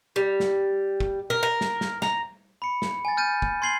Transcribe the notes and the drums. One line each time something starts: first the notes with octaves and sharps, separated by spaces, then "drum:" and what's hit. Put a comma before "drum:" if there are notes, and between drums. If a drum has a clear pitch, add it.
G3
drum: snare
drum: kick
A#4
A#4
drum: snare
drum: snare
A#5, drum: snare
B5 C#7
drum: snare
G#5 A6
F6 G6 A6 D#7
drum: kick
C6 G#6 C7 F#7 G7